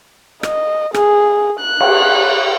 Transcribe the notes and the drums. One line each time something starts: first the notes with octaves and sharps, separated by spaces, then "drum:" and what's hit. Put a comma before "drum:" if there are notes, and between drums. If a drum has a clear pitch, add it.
D#5, drum: rim click
G#4, drum: rim click
F#6
drum: cymbal